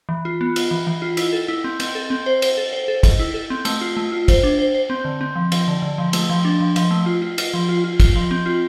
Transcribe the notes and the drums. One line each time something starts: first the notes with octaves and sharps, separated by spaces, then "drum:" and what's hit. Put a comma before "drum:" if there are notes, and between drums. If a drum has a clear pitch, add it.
E3
F4
B3
F4, drum: cymbal
E3
E3
F4
E4, drum: cymbal
A4
E4
C4
C4, drum: cymbal
A4
C4
C5
C5, drum: cymbal
A4
C5
A4
A4, drum: kick, cymbal
E4
A4
C4
A3, drum: cymbal
F4
A3
F4
C5, drum: kick, cymbal
D4
C5
C5
C4
D3
C4
F3
F3, drum: cymbal
D3
D3
F3
A3, drum: cymbal
F3
D4
F3
F3, drum: cymbal
A3
F4
F4
F4, drum: cymbal
F3
F4
F4
F4, drum: kick, cymbal
F3
C4
F4